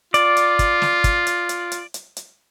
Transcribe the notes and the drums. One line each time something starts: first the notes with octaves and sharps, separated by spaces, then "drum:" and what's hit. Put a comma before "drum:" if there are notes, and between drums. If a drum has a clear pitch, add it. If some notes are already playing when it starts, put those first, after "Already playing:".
F4 D5, drum: hi-hat
drum: hi-hat
drum: kick, hi-hat
drum: snare
drum: kick, hi-hat
drum: hi-hat
drum: hi-hat
drum: hi-hat
drum: hi-hat
drum: hi-hat